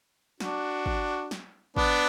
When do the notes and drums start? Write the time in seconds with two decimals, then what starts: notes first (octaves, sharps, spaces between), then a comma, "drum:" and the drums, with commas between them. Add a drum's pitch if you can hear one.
0.40 D4 F#4, drum: snare
0.86 drum: kick
1.31 drum: snare
1.77 B3 D4, drum: kick